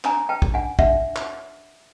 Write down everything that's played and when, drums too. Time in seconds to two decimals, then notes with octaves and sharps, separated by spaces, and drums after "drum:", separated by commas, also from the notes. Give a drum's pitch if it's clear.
0.04 D4 G#5 A#5, drum: clap
0.29 B4 G5 A5
0.42 drum: kick
0.54 D4 F#5 G#5
0.79 D4 E5 F#5, drum: kick
1.16 drum: clap